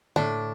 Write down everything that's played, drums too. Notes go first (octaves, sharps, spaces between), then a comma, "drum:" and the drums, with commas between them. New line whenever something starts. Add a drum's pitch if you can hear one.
A2 D4, drum: tom D3